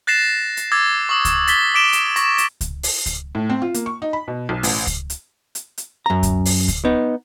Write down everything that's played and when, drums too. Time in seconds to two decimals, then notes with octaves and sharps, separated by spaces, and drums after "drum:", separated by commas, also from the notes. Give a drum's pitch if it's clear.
0.07 F#6 A6 A#6 C7 E7
0.57 drum: hi-hat
0.72 D6 E6 G#6 A6
1.09 C#6 D#6
1.25 drum: kick C#2, hi-hat
1.48 A6 B6 G7, drum: hi-hat
1.74 D6 B6 D7 E7 G7
1.93 drum: hi-hat
2.16 C#6 A#6, drum: hi-hat
2.38 drum: hi-hat
2.61 drum: kick C#2, hi-hat
2.83 drum: open hi-hat
3.06 drum: kick C#2, hi-hat
3.35 A2
3.50 C4
3.62 F4
3.74 A#3, drum: hi-hat
3.86 C#6
4.02 D#4
4.13 B5
4.28 B2
4.49 B1
4.63 A1, drum: open hi-hat
4.87 drum: kick C#2, hi-hat
5.10 drum: hi-hat
5.55 drum: hi-hat
5.78 drum: hi-hat
6.06 F#2 A#5
6.23 drum: kick C#2, hi-hat
6.45 drum: open hi-hat
6.68 drum: kick C#2, hi-hat
6.85 B3 D#4